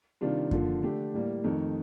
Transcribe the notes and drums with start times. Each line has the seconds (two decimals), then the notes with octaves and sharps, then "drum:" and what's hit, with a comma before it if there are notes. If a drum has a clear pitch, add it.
0.21 C3 D#3 G3 D4 F4
0.51 D3 F3 A#3 F4, drum: kick F#2
0.83 D3 A3 D4 G4
1.14 A2 G3 A#3
1.44 F2 D#3 A3 D#4